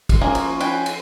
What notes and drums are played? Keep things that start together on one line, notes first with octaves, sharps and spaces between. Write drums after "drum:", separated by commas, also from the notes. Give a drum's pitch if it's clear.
drum: kick, cymbal
F3 A#3 C#4 G#4
drum: cymbal
B4 G5 G#5, drum: cymbal
drum: cymbal